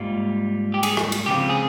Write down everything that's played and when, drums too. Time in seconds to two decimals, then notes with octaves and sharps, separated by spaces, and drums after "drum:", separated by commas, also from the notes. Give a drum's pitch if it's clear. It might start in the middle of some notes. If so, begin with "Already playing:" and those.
Already playing: G#2 G3 A#3 F4
0.74 G4
0.83 G#4, drum: cymbal
0.97 drum: rim click
1.12 drum: cymbal
1.26 C#2 C#3 F3 C4 F4 G4
1.49 G#4